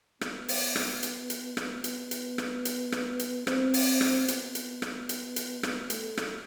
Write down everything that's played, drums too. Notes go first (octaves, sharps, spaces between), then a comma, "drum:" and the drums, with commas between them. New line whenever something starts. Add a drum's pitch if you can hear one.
B3, drum: rim click
drum: open hi-hat
drum: rim click
drum: hi-hat
drum: hi-hat
drum: rim click
B3, drum: hi-hat
drum: hi-hat
drum: rim click
drum: hi-hat
drum: rim click
drum: hi-hat
C4, drum: rim click
drum: open hi-hat
drum: rim click
B3, drum: hi-hat
drum: hi-hat
drum: rim click
drum: hi-hat
drum: hi-hat
drum: rim click
A3, drum: hi-hat
drum: rim click